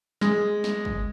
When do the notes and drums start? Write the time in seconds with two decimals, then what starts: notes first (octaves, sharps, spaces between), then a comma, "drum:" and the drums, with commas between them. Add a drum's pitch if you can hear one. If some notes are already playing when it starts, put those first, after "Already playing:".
0.21 G#3, drum: snare
0.64 drum: snare
0.85 drum: kick